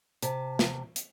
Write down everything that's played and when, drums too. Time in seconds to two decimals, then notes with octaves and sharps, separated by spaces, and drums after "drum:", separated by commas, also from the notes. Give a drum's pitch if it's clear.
0.23 C3 A5, drum: hi-hat
0.59 drum: snare
0.96 drum: hi-hat